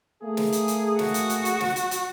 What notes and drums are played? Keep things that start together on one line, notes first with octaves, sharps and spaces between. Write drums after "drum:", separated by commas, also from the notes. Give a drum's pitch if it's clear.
A3 A#3 G#4
drum: snare
drum: hi-hat
drum: hi-hat
F#4, drum: snare
drum: hi-hat
drum: hi-hat
drum: hi-hat
drum: snare
drum: hi-hat
drum: hi-hat